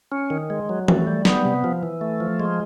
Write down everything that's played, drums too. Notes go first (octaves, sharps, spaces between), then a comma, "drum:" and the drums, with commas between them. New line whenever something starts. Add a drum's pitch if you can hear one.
C#4
D#3
G#3
F#3
A3, drum: tom E3
G3
B3, drum: snare
C3
F3
E3
A3
F3
G#3